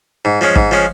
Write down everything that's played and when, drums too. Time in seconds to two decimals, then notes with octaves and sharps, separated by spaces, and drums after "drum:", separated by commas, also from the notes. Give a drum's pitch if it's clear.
0.25 G#2
0.41 F3 G#3 C#4
0.56 G#2, drum: kick
0.71 F3 G#3 C#4